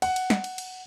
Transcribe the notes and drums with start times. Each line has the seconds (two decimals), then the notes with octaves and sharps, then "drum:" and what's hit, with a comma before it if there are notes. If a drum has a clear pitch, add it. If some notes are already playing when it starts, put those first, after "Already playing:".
0.02 F#5, drum: cymbal
0.16 drum: cymbal
0.30 drum: snare
0.44 drum: cymbal
0.58 drum: cymbal